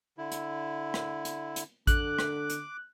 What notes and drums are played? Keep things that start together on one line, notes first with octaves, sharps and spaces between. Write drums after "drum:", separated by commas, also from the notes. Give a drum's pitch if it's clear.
D3 E4
drum: hi-hat
drum: rim click
drum: hi-hat
drum: hi-hat
D3 D6 F#6, drum: kick A1, hi-hat
drum: rim click
drum: hi-hat